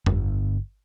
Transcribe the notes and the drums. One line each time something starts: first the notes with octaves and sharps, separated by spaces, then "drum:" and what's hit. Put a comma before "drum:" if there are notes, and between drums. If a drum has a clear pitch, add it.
G1, drum: tom F2